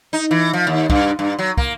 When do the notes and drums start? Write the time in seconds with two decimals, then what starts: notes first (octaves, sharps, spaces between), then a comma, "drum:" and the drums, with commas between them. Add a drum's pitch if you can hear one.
0.13 D#4
0.31 E3
0.53 F3
0.67 D#2
0.90 G2, drum: kick
1.19 G2
1.39 F#3
1.57 A#3, drum: kick